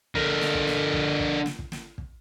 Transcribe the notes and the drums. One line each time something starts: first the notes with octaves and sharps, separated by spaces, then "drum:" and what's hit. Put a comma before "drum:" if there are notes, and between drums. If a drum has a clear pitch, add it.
D3 A#4, drum: kick
drum: snare
drum: kick
drum: snare
drum: kick
drum: kick
drum: snare
drum: kick
drum: snare
drum: kick